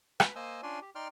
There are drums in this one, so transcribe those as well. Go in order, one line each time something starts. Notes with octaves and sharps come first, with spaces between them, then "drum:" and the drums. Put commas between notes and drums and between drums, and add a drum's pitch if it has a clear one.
B4, drum: rim click
A#3 C5 D#5 G#5 E6
C#4 D4 F4 D5 G#5 C6
G4
D#4 D5 G5 C6 F6